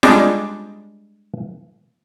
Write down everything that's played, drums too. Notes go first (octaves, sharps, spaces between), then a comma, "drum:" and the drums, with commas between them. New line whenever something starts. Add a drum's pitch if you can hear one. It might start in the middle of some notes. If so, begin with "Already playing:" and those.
G3 G#3 D4, drum: snare